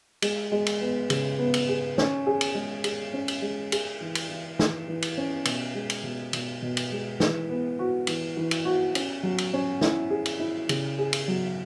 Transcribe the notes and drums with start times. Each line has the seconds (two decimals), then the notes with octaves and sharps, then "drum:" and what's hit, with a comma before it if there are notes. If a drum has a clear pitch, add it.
0.22 G#3, drum: cymbal
0.52 G#3
0.66 drum: cymbal
0.81 B3
1.10 C#3, drum: cymbal
1.39 B3
1.54 drum: cymbal
1.69 G#4
1.98 C#4, drum: snare
2.26 G#4
2.41 drum: cymbal
2.55 G#3
2.84 G#4, drum: cymbal
3.13 C#4
3.28 drum: cymbal
3.42 G#3
3.72 G#4, drum: cymbal
4.01 E3
4.15 drum: cymbal
4.29 E3
4.59 E3, drum: snare
4.88 E3
5.02 drum: cymbal
5.18 C#4
5.45 B2, drum: cymbal
5.75 G#3
5.90 drum: cymbal
6.04 B2
6.33 B2, drum: cymbal
6.62 B2
6.77 drum: cymbal
6.92 G#3
7.20 E3, drum: snare
7.50 B3
7.79 F#4
8.07 E3, drum: cymbal
8.37 E3
8.51 drum: cymbal
8.65 F#4
8.95 C#4, drum: cymbal
9.23 F#3
9.38 drum: cymbal
9.53 C#4
9.81 E4, drum: snare
10.10 G#4
10.26 drum: cymbal
10.39 E4
10.69 C#3, drum: cymbal
10.98 G#4
11.13 drum: cymbal
11.28 F#3